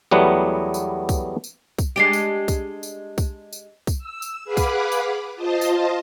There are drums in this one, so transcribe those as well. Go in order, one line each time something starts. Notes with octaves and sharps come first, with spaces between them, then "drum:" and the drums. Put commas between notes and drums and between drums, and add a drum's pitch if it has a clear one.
E2 F#3 G3 A3 B3 F#5
drum: tambourine
drum: kick, tambourine
drum: tambourine
drum: kick, tambourine
G#3 D4 G4 C7 D7
drum: tambourine
drum: kick, tambourine
drum: tambourine
drum: kick, tambourine
drum: tambourine
drum: kick, tambourine
E6
drum: tambourine
G#4 B4 F5 F#5 B5 D6
drum: kick, tambourine
drum: tambourine
F4 C5 D#5 A5
drum: tambourine